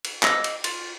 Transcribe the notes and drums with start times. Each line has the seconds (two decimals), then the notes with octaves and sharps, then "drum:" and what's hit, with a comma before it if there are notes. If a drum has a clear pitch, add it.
0.05 drum: cymbal
0.23 D#5 D6 E6, drum: clap
0.44 drum: cymbal
0.64 F4, drum: cymbal